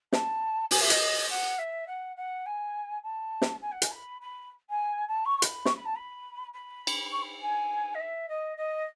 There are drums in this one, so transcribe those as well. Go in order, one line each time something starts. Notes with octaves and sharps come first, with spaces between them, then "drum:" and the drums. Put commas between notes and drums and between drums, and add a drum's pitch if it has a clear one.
A5, drum: snare
G#5, drum: open hi-hat
E5
D#5, drum: hi-hat
F#5
E5
F#5
F#5
G#5
A5
drum: snare
G#5
F#5
G#5, drum: hi-hat
B5
B5
G#5
A5
C#6
C#6
B5, drum: hi-hat
C#6, drum: snare
B5
A5
B5
B5
drum: cymbal
C#6
B5
G#5
D#5
E5
D#5
D#5